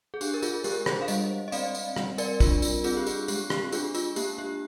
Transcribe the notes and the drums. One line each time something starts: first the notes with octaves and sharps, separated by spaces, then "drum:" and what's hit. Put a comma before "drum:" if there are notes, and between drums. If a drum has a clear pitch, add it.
G#4
D4 G4, drum: tambourine
A#4
F4 G#4, drum: tambourine
G#3 G4 A#4, drum: tambourine
G#4 C5, drum: rim click
F5
G3 C5 D#5, drum: tambourine
D#5
C4 D5 F5, drum: tambourine
drum: tambourine
G3, drum: rim click
A#4 D5, drum: tambourine
D4 F4, drum: kick, tambourine
F4, drum: tambourine
C4 F4 G#4, drum: tambourine
G4
F4 G#4, drum: tambourine
G#3 G4, drum: tambourine
G4, drum: rim click
G4
D4 F4 G#4, drum: tambourine
F4, drum: tambourine
A#3 G4, drum: tambourine
G4